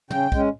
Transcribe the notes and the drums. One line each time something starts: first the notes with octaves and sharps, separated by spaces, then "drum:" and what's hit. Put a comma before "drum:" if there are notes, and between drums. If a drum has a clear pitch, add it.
C#3 G5, drum: tom
G#3 C#4, drum: kick